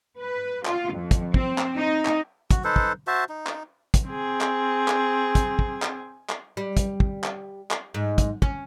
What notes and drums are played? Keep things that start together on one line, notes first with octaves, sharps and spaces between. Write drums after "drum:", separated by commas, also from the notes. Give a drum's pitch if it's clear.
B4
F4, drum: clap
F2
drum: kick, hi-hat
C4, drum: kick
drum: clap
D#4
drum: clap
F#4, drum: kick, hi-hat
D#4 A4 B4 C5
drum: kick
F#4 C5 E5 A5
D#4
drum: clap
drum: kick, hi-hat
C4 G#4
drum: clap
drum: clap
drum: kick, hi-hat
drum: kick
drum: clap
drum: clap
G3
drum: kick, hi-hat
drum: kick
drum: clap
drum: clap
G#2
drum: kick, hi-hat
C#4, drum: kick